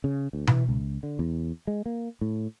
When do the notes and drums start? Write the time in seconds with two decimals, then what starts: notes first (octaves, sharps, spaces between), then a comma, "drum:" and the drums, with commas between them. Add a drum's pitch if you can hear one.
0.04 C#3
0.33 D2
0.47 E3, drum: tom B2
0.69 C#2
1.03 D3
1.19 E2
1.67 G#3
1.86 A#3
2.21 A2